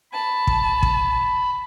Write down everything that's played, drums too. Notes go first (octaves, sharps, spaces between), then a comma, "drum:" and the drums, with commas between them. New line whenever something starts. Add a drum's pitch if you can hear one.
A5 B5
drum: kick
drum: kick